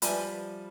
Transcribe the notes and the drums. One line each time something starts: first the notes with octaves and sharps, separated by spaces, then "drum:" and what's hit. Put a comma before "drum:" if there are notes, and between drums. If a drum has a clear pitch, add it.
F3 G3 B4 E5 G#5 B5, drum: hi-hat